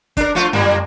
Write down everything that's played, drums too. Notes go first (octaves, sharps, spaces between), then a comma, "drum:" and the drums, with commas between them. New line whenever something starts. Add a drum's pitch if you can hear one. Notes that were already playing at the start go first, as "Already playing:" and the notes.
D4 A#4, drum: kick, hi-hat
F3 A3 F4
A2 G3 A#3, drum: tom